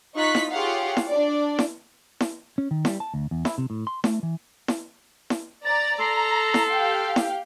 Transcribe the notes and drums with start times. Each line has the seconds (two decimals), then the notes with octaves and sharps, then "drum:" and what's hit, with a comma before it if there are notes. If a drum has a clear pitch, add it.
0.14 D#4 F4 C#6 F#6 B6
0.35 drum: snare E4
0.50 F4 G4 G#4 C#5 F5 F#5
0.97 drum: snare E4
1.07 D4 D5
1.59 drum: snare E4
2.21 drum: snare E4
2.58 C#4
2.71 D#3
2.85 G3, drum: snare E4
3.00 A5
3.14 D2
3.31 E2
3.45 E4, drum: snare E4
3.58 C3
3.70 A2
3.87 C6
4.04 A3, drum: snare E4
4.23 E3
4.68 drum: snare E4
5.30 drum: snare E4
5.65 D5 A#5 A6
5.99 A4 A#5 C6
6.54 drum: snare E4
6.70 G4 F5 G5
7.16 drum: snare E4